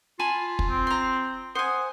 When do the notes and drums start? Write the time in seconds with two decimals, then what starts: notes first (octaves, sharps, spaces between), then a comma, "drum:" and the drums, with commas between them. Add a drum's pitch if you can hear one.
0.19 F4 G#5 A5 B5
0.59 drum: kick
0.70 C4
0.87 A#5 C6
1.55 C5 F#5 G#5 D#6